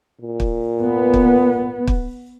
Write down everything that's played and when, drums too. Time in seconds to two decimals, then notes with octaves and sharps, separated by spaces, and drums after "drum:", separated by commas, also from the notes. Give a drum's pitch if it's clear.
0.21 A#2
0.40 drum: kick
0.79 B3
1.14 drum: kick
1.87 drum: kick